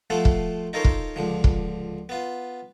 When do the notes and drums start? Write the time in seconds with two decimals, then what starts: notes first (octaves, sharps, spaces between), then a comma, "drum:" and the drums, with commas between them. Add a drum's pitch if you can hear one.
0.10 F3 A3 F4 A4 C5 F#5
0.25 drum: kick
0.73 D#4 F4 A4 A#4 C5 C#5
0.84 drum: kick
1.16 C#2 D3 F3
1.44 drum: kick
2.09 B3 F4